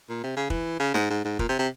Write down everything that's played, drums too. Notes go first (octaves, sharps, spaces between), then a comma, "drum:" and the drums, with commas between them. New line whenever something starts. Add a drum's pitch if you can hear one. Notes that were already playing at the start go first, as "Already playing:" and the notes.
A#2
C3
C#3
E3, drum: kick
C#3
G#2, drum: snare
G#2
G#2
A#2, drum: kick
C3
C3